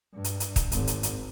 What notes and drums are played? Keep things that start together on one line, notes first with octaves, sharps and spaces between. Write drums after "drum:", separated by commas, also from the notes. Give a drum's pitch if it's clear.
G2
drum: hi-hat
drum: hi-hat
drum: kick, hi-hat
G#1, drum: hi-hat
drum: hi-hat
drum: hi-hat